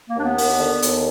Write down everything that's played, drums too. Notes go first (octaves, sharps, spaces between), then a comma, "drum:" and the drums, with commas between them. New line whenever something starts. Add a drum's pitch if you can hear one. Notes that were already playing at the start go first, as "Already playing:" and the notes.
A#3
D#2 D4
B3
D#2, drum: open hi-hat
D3
D#2, drum: hi-hat